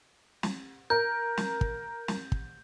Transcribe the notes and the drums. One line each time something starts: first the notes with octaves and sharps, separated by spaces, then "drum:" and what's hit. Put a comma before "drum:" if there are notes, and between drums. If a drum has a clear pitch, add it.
drum: snare
A#4 G6
drum: snare
drum: kick
drum: snare
drum: kick